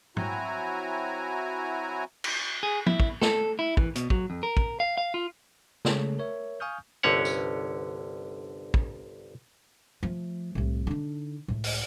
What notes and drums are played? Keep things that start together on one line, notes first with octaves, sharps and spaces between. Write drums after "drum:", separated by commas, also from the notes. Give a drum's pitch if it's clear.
F#3 C4 E4 F#4 G#5 A#5, drum: tom
drum: cymbal
G#4
E4, drum: tom
drum: kick
A4, drum: snare
E4
E3, drum: kick
B2, drum: hi-hat
F#3, drum: kick
F2
A#4
drum: kick
F5
F5
F4
C#3 G#3 A3 G#4 A4 C#5, drum: snare
A#4 C#5 E5
F5 G#5 C#6 D#6 F6 G6
G1 C2 D3 C#4 C#5 F#5
drum: tambourine
drum: kick
F3 A3
C2 A2
D3 D#4
C#2 A2
drum: open hi-hat